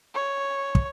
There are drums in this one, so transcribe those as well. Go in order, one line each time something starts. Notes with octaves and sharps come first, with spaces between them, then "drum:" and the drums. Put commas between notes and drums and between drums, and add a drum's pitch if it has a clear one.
C#5
drum: kick